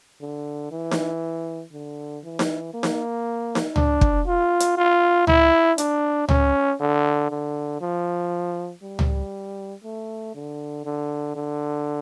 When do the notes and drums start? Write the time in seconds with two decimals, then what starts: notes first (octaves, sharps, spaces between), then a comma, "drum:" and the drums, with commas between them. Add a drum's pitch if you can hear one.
0.21 D3
0.72 E3
0.91 drum: snare D#4
1.73 D3
2.24 E3
2.39 drum: snare D#4
2.74 A#3
2.83 drum: snare D#4
3.55 drum: snare D#4
3.76 D4, drum: tom C#2
4.01 drum: kick
4.27 F4
4.60 drum: hi-hat
4.77 F4
5.27 E4, drum: tom C#2
5.78 D4, drum: hi-hat
6.29 C#4, drum: tom C#2
6.80 D3
7.30 D3
7.81 F3
8.83 G3
8.99 drum: tom C#2
9.84 A3
10.35 D3
10.85 D3
11.36 D3